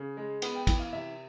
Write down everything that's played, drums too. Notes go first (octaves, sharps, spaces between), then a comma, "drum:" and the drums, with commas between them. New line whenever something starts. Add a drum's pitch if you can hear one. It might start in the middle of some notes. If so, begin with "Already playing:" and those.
Already playing: C#3
G#3
B3 F#5, drum: cymbal
G5
E3 G5, drum: kick, cymbal
F5
C3 E5